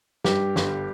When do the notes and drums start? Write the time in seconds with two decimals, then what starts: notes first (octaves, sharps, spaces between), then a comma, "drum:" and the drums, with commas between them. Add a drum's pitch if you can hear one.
0.24 G2 G4, drum: snare
0.56 G1, drum: snare